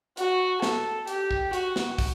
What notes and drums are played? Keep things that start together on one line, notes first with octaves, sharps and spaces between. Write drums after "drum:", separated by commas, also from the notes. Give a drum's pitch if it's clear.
F#4, drum: hi-hat
A4, drum: snare
G4, drum: hi-hat
drum: kick
F#4, drum: hi-hat
drum: snare
drum: kick, open hi-hat